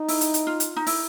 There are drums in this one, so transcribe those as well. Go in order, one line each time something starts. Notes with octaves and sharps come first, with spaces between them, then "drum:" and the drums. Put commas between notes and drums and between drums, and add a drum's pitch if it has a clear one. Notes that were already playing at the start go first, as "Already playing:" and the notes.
Already playing: D#4
E4, drum: open hi-hat
drum: hi-hat
drum: hi-hat
F4
drum: hi-hat
D#4
E4, drum: open hi-hat